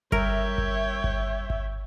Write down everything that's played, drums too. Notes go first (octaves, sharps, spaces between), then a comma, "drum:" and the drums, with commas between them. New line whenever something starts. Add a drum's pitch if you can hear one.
G3 A#4 C#5 E5 G5, drum: kick G1
drum: kick G1
drum: kick G1
drum: kick G1